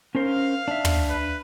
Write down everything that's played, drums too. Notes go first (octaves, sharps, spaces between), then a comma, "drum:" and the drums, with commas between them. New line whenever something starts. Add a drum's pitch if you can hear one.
C#4 A#4 C5 F5
D4 E5
drum: tom
B4